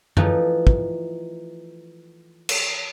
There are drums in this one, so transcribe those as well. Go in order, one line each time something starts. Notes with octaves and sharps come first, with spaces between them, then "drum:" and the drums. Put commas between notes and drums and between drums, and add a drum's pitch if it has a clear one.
E3 F3 A3 D#4, drum: tom F#2
drum: kick
drum: cymbal